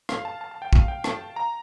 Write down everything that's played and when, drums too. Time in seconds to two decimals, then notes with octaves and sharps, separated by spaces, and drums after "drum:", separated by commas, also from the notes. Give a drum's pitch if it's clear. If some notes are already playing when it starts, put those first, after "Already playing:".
0.09 F5, drum: rim click
0.25 A5
0.41 A5
0.51 A5
0.62 G5
0.73 F5, drum: kick
0.88 G5
1.04 A5, drum: rim click
1.36 A#5